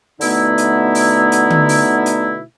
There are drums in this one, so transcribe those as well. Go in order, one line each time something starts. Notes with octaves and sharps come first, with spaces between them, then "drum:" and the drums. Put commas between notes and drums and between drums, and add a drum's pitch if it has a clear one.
B2 D3 A3 B3 D#4 E4, drum: open hi-hat
drum: hi-hat
drum: open hi-hat
drum: hi-hat
drum: tom D3
drum: open hi-hat
drum: hi-hat